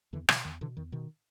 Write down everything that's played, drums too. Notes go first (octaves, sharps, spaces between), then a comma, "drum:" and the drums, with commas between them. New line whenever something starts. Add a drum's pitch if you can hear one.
E2 D3 E3
B2 D3 E3, drum: rim click
E2 D#3
B2 D3 E3
E2 D#3
B2 D#3